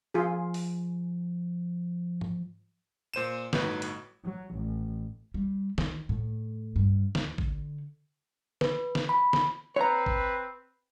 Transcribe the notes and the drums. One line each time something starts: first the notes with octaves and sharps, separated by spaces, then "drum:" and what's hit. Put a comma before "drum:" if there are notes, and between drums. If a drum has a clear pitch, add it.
F3 F4 G#4
drum: open hi-hat
drum: tom G#2
A#2 C5 D#7 E7
G1 A2 F#3 D#4 B4, drum: snare
drum: hi-hat
F#3
A1
G3
D#3, drum: snare
A2
G2
D#2, drum: snare
D3, drum: kick
B4, drum: snare
drum: snare
B5
drum: snare
C4 B4 C#5 A#5
drum: kick